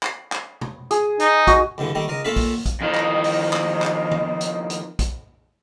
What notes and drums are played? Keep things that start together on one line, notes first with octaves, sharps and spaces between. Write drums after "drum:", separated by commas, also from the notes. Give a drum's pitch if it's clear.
drum: clap
drum: clap
drum: tom
G#4, drum: hi-hat
D#4, drum: hi-hat
F#4 D#5, drum: kick, hi-hat
C#2 G2 D3 E3
D#3 G3 A3
C#2 A#4 D#5
A#2 A3 F4 A4 E5 B5
drum: kick, open hi-hat
drum: kick, hi-hat
F2 D#3
drum: clap
drum: open hi-hat
drum: clap
drum: clap
drum: tom D#3
drum: hi-hat
drum: hi-hat
drum: kick, hi-hat